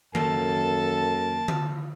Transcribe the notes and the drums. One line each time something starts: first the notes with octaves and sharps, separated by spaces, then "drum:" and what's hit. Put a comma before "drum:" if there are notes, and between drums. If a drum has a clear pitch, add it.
F#2 A#3 A4 A5, drum: tom D#3
drum: tom D3